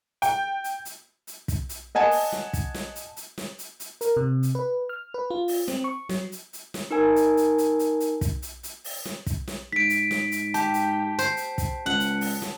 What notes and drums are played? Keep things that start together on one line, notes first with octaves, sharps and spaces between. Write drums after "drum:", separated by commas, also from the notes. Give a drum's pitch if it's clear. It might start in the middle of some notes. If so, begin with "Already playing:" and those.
G5, drum: hi-hat
drum: hi-hat
drum: hi-hat
drum: hi-hat
drum: kick, hi-hat
drum: hi-hat
D#5 F#5 G#5 A5
drum: open hi-hat
drum: snare
drum: kick, hi-hat
drum: snare
drum: hi-hat
drum: hi-hat
drum: snare
drum: hi-hat
drum: hi-hat
A#4, drum: hi-hat
C3
drum: hi-hat
B4
F6
B4
F4
drum: open hi-hat
C4, drum: snare
C#6
F#3, drum: snare
drum: hi-hat
drum: hi-hat
drum: snare
D#4 A#4 G#5
drum: hi-hat
drum: hi-hat
drum: hi-hat
drum: hi-hat
drum: hi-hat
drum: kick, hi-hat
drum: hi-hat
drum: hi-hat
drum: open hi-hat
drum: snare
drum: kick, hi-hat
drum: snare
G#2 B6 D7
drum: hi-hat
drum: snare
drum: hi-hat
G4 A5, drum: hi-hat
drum: hi-hat
C5, drum: hi-hat
drum: hi-hat
drum: kick, hi-hat
C#2 F#5
drum: hi-hat
drum: open hi-hat
drum: snare